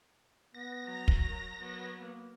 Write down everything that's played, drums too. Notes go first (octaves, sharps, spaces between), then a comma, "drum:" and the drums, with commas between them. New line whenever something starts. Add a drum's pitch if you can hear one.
B3 A#6
F#3 A#5
drum: kick
A#4
F#3 B3
A#3